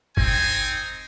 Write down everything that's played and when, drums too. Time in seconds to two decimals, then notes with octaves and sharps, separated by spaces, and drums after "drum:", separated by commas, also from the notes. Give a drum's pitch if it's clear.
0.17 C4 D#4 G#5, drum: kick F#1